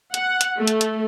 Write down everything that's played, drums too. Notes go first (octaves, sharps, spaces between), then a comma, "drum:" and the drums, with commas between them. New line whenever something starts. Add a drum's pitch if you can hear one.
F#5, drum: hi-hat
drum: hi-hat
A3
drum: hi-hat
drum: hi-hat